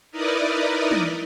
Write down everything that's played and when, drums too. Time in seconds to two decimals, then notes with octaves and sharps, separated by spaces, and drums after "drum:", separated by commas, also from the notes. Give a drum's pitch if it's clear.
0.11 D#4 E4 A#4 B4 D5 D#5
0.91 drum: tom